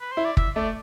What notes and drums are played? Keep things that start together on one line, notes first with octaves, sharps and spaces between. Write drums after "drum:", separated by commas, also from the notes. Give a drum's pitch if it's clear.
B4
C5
E4
D5
E5, drum: kick
A3 D5